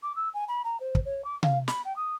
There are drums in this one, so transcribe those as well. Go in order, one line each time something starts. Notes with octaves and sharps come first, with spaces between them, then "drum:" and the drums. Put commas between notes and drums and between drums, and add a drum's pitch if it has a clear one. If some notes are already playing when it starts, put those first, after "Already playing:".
D6
E6
G#5
B5
A#5
C5
drum: kick
C#5
D6
F5, drum: tom C3
B5, drum: snare
G5
D#6